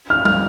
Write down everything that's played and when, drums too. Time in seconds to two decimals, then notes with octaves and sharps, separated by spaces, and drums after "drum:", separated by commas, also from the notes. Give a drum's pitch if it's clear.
0.10 F6
0.25 F6, drum: tom G3